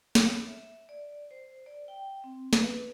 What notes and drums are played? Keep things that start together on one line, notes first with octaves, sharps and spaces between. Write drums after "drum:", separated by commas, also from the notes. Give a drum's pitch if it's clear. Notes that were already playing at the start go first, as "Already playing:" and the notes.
C#5, drum: snare
E5
D5
C5
D5
G5
C4
B4, drum: snare